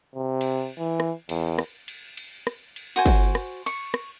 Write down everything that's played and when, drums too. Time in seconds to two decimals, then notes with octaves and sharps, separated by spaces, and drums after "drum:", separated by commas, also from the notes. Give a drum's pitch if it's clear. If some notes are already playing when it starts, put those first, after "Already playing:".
0.15 C3
0.41 drum: cymbal
0.78 E3
1.00 drum: rim click
1.29 E2, drum: cymbal
1.59 drum: rim click
1.88 drum: cymbal
2.17 drum: cymbal
2.47 drum: rim click
2.76 drum: cymbal
2.96 F#4 C5 G#5
3.06 drum: kick, cymbal
3.35 drum: rim click
3.66 C#6, drum: cymbal
3.94 drum: rim click